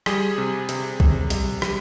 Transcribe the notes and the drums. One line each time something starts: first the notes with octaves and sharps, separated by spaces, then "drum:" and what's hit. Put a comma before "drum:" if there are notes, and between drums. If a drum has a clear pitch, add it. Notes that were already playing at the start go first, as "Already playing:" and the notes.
G3 G#4, drum: rim click
C3
C3, drum: hi-hat
C3, drum: kick B1
G3, drum: hi-hat
G3, drum: rim click